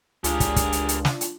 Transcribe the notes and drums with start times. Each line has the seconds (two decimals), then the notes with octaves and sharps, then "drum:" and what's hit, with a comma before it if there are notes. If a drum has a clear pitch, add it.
0.24 C#2 D4 F4 G4 G#4 A#4, drum: hi-hat
0.40 drum: kick, hi-hat
0.56 drum: kick, hi-hat
0.72 drum: hi-hat
0.89 drum: hi-hat
1.05 drum: snare
1.21 drum: hi-hat